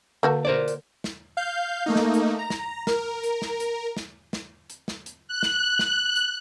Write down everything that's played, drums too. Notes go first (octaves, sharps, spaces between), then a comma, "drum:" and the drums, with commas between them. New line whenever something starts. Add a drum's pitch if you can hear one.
D3 A#3 F#4 A4 B4
A#4 C5 D5
drum: hi-hat
drum: snare
F5 G6
A3 A#3 D#4
drum: snare
drum: hi-hat
A#5
drum: snare
A#4, drum: snare
drum: hi-hat
drum: snare
drum: hi-hat
drum: snare
drum: snare
drum: hi-hat
drum: snare
drum: hi-hat
F#6
drum: snare
drum: snare
drum: hi-hat